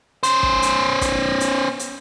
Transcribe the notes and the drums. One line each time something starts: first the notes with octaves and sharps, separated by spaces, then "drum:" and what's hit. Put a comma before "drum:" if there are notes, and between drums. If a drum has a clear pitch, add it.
C#4 C5, drum: hi-hat
drum: kick
drum: hi-hat
drum: kick, hi-hat
drum: hi-hat
drum: hi-hat